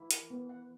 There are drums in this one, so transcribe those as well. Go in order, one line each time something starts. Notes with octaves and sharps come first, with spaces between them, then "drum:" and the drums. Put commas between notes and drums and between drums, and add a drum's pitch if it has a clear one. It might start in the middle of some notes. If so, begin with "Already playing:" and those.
Already playing: E3 E4
A#4, drum: hi-hat
B3
F#5